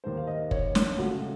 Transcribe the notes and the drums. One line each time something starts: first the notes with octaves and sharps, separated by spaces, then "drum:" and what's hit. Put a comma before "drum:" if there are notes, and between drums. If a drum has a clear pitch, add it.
D#2 D#3 A#3 C5
F5
D#5
C#5, drum: kick
C#5, drum: snare
C#2 C#3 A3 F#4